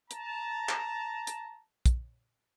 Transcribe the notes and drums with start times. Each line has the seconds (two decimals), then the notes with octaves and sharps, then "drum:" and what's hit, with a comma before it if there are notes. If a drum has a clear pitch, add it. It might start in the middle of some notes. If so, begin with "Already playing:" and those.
0.11 A5 A#5, drum: hi-hat
0.69 drum: clap
1.27 drum: hi-hat
1.86 drum: kick, hi-hat